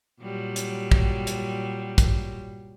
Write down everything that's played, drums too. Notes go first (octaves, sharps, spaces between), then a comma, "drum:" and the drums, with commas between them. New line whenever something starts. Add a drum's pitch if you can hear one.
A#2 F#3 G3
drum: hi-hat
drum: kick
drum: hi-hat
drum: kick, hi-hat